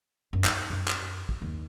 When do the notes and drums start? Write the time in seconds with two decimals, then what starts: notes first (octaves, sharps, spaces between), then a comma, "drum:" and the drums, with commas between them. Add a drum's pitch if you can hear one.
0.33 F#2
0.44 D#4, drum: clap
0.70 F#2
0.88 drum: clap
1.29 drum: kick
1.42 D#2